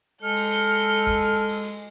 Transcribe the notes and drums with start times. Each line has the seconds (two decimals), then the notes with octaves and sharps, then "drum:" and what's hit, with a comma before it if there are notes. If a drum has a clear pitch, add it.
0.22 G#3 A4 F6 G6 C#7
0.36 drum: open hi-hat
0.50 drum: hi-hat
0.79 drum: hi-hat
0.93 drum: hi-hat
1.07 drum: kick, hi-hat
1.21 drum: hi-hat
1.35 drum: hi-hat
1.49 drum: open hi-hat
1.63 drum: hi-hat